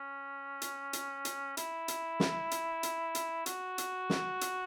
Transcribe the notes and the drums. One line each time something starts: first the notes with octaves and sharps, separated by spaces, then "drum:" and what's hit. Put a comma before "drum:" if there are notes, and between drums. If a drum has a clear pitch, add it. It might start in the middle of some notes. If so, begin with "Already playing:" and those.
Already playing: C#4
drum: hi-hat
drum: hi-hat
drum: hi-hat
E4, drum: hi-hat
drum: hi-hat
drum: snare
drum: hi-hat
drum: hi-hat
drum: hi-hat
F#4, drum: hi-hat
drum: hi-hat
drum: snare
drum: hi-hat